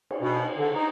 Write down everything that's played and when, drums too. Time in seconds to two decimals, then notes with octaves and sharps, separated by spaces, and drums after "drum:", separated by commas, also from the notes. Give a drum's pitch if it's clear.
0.11 drum: cymbal
0.21 B2
0.57 D3
0.75 D#4